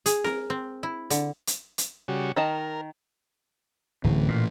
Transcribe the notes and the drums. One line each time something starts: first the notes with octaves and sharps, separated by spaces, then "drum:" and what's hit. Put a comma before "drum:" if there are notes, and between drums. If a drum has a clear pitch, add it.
G#4, drum: hi-hat
A#4, drum: snare C4
C4
E4
D3, drum: hi-hat
drum: hi-hat
drum: hi-hat
C#3 G3 F#4
D#3 A#4 D#5 A5
D1 A2 E3
A#2